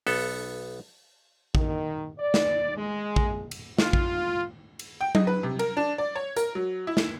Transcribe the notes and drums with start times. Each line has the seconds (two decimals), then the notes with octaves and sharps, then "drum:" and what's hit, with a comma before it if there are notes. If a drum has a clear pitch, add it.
0.06 B1 B3 A4, drum: open hi-hat
1.55 D#3, drum: kick
2.18 D5
2.34 drum: snare
2.77 G#3
3.16 drum: kick
3.51 drum: cymbal
3.78 F4, drum: snare
3.93 drum: kick
4.79 drum: cymbal
5.01 G5
5.15 D#5, drum: tom F#3
5.27 B4
5.43 C3
5.59 A#4, drum: cymbal
5.77 D4
5.98 D5
6.16 C#5
6.36 A#4, drum: hi-hat
6.55 F#3
6.87 E4
6.97 drum: snare